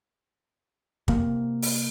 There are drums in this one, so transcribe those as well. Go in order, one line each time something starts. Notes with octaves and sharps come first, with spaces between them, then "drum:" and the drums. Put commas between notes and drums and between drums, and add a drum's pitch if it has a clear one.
C3 A#3, drum: kick
drum: open hi-hat